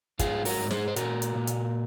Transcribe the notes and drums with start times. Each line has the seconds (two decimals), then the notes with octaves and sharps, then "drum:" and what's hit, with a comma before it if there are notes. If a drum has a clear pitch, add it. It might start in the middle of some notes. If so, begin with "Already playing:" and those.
0.19 G#2 F4 G#4, drum: kick, hi-hat
0.45 F#4 A#4, drum: open hi-hat
0.58 G#2
0.71 G#4 C5, drum: snare
0.88 C5
0.96 A#2 F#4 A#4, drum: hi-hat
1.22 drum: hi-hat
1.35 A#2
1.47 drum: hi-hat